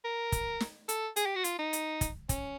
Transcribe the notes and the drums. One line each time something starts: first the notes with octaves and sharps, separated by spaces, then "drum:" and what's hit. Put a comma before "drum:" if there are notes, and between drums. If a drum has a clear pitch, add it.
A#4
drum: kick, hi-hat
drum: snare
A4, drum: hi-hat
G#4, drum: hi-hat
G4
F#4
F4, drum: hi-hat
D#4
drum: hi-hat
drum: kick, hi-hat
C#4, drum: kick, hi-hat